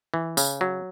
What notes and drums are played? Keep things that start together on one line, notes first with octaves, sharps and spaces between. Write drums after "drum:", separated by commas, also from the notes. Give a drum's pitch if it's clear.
E3
C#3, drum: tambourine
F#3